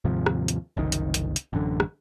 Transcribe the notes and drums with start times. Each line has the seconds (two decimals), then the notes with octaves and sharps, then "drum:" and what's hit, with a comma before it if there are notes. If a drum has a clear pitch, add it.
0.04 D#2 G#2 C3 F3
0.26 drum: rim click
0.48 drum: hi-hat
0.77 F#1 C2 D#3
0.92 drum: hi-hat
1.14 drum: hi-hat
1.36 drum: hi-hat
1.53 A1 F#2 D3
1.80 drum: rim click